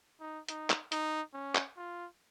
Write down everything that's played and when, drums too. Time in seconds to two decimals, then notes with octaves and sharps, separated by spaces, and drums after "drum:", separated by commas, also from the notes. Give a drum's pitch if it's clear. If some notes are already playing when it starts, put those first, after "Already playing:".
0.20 D#4
0.49 D#4, drum: hi-hat
0.70 drum: clap
0.92 D#4, drum: hi-hat
1.34 C#4
1.55 drum: clap
1.77 F4